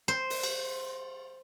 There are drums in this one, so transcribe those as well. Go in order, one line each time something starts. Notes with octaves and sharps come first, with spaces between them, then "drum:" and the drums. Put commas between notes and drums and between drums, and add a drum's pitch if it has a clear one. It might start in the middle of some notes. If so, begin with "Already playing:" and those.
C5
drum: open hi-hat
drum: cymbal